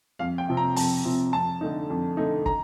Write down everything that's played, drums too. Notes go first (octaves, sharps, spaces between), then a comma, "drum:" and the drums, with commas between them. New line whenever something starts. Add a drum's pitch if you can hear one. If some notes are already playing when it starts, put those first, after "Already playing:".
F2 F5
G5
C3 F3 C4
A#5
F2 A5, drum: open hi-hat
C3 F3 C4
F2 A5
D3 A3 D#4
F2
D3 A3 D#4
A#5, drum: kick